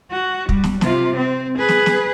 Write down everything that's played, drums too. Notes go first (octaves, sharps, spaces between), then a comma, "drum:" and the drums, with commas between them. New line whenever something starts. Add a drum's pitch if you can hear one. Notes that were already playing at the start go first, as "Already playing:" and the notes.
F#4
G3, drum: kick
drum: snare
C3 F4, drum: snare
C4
G#4 B4
drum: snare
drum: snare